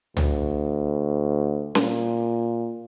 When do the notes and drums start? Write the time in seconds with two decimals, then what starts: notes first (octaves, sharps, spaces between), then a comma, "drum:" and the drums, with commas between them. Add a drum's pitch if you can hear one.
0.17 D2, drum: tom
1.75 A#2, drum: snare C#4